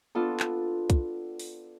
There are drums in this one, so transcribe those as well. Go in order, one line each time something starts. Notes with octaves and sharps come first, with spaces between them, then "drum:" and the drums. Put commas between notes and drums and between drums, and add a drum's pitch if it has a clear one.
B3 D4 F4 A4
drum: clap
drum: kick, hi-hat
drum: open hi-hat